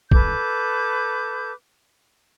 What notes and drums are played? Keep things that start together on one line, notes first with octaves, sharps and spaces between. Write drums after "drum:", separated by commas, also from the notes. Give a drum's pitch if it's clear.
A4 B4 D6 G6, drum: kick